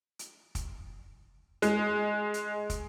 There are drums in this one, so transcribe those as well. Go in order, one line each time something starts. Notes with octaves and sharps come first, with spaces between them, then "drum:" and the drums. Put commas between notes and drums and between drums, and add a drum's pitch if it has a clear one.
drum: hi-hat
drum: kick, hi-hat
G#3, drum: hi-hat
drum: hi-hat
drum: kick, hi-hat